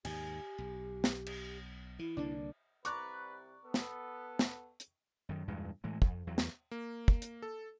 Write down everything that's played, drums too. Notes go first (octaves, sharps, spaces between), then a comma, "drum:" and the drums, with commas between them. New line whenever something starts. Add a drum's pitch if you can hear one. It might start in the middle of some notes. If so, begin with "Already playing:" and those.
D#2 G#2 D#3 G4 G#5, drum: cymbal
B1
drum: snare
drum: cymbal
E3 E4
C2 D3 A#3 D4
C2 B4 D5 A#5 C#6 D6 F#6, drum: hi-hat
B3 A4
drum: snare
drum: snare
drum: hi-hat
F#2 D#3
E2 G2 A#2 G#3
A2 E3 G#3
F2, drum: kick
E2 F#3
drum: snare
A#3
drum: kick
drum: hi-hat
A4